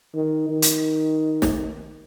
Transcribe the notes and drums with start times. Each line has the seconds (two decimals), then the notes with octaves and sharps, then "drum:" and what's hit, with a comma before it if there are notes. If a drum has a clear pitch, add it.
0.15 D#3
0.49 D#3
0.62 drum: hi-hat
1.42 drum: snare